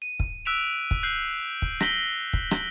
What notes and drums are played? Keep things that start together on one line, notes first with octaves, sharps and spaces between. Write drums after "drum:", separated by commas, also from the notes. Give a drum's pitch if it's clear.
D#7
drum: kick
E6 F#6 B6 D7 E7 F7
drum: kick
F#6 G6 C7 F#7
drum: kick
A#6 B6 F#7 G7, drum: rim click
drum: kick
drum: rim click